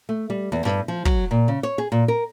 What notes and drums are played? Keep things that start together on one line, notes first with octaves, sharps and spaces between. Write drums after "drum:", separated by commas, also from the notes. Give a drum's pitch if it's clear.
A3
G3
E2
G2
F3
F#3, drum: kick
A#2
C#3
C#5
G#4
A#2
A#4